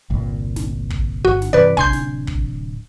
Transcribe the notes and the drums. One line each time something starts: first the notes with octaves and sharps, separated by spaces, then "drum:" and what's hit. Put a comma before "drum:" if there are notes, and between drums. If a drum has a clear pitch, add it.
G1 C2 A#2
drum: snare
drum: kick
G1 F#4
drum: snare
G2 C3 E3 B4 D5
D1 C3 D4 G#5 C6 G6, drum: kick
drum: snare
drum: kick